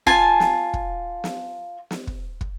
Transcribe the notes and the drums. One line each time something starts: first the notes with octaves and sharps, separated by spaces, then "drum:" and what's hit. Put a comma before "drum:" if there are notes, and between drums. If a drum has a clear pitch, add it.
F4 G#5 A5, drum: kick
drum: snare
drum: kick
drum: snare
drum: snare
drum: kick
drum: kick